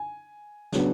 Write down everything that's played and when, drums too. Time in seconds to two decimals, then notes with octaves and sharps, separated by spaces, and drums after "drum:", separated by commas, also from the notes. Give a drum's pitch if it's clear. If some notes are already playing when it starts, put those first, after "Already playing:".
Already playing: G#5
0.72 C#3 F#3 B3 D4, drum: snare